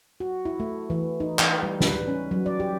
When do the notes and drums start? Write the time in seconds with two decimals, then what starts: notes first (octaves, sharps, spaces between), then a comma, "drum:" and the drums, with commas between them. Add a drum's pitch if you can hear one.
0.20 F#4
0.45 E4
0.60 A3
0.90 E3
1.20 D#4
1.39 E3, drum: clap
1.63 G3
1.80 B4, drum: snare
2.08 C#4
2.31 F#3
2.46 D5
2.60 G4